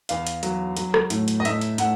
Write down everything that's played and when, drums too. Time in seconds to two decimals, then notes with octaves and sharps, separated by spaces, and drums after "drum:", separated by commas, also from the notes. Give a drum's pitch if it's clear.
0.09 E2 F5, drum: hi-hat
0.27 drum: hi-hat
0.43 F#3, drum: hi-hat
0.77 F#3, drum: hi-hat
0.94 drum: rim click
1.10 A2, drum: hi-hat
1.28 drum: hi-hat
1.40 D#5
1.45 A2 E5, drum: hi-hat
1.61 drum: hi-hat
1.78 A2 F#5, drum: hi-hat